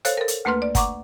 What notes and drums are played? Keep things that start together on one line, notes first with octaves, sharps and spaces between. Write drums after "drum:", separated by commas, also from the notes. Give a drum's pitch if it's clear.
A4 C5 C#5 F5 F#6, drum: hi-hat
A4 A#4
drum: hi-hat
D2 A3 A#3 B4 C6 F6
D5
F#5 A#5 C#6 D6, drum: kick G1, hi-hat